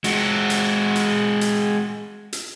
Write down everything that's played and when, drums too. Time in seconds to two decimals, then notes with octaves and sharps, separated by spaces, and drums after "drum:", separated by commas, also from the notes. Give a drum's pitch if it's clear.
0.04 G#3 F#4, drum: hi-hat
0.50 drum: hi-hat
0.96 drum: hi-hat
1.41 drum: hi-hat
2.33 drum: hi-hat